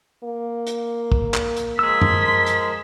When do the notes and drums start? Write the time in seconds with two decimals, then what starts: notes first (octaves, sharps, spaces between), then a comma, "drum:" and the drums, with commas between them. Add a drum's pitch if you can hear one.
0.24 A#3
0.67 drum: hi-hat
1.12 drum: kick
1.34 drum: clap
1.57 drum: hi-hat
1.79 F3 G#3 G#4 A#4 C6 E6 B6
2.01 drum: tom F#2
2.46 drum: hi-hat